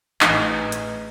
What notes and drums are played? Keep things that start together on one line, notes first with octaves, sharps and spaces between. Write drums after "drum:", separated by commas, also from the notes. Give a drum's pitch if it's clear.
A1 E3 D#4 G#4, drum: clap
drum: hi-hat